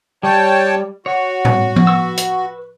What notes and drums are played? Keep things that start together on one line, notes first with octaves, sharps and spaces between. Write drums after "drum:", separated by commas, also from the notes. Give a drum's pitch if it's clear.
G3 C#5 G5 A5
F#4 C#5
drum: tom A2
drum: tom F3
B4 C#6 E6
drum: hi-hat